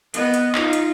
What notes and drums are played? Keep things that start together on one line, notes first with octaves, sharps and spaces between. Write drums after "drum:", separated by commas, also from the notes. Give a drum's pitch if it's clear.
B3 D#5, drum: hi-hat
drum: hi-hat
D#4 F4, drum: clap
drum: hi-hat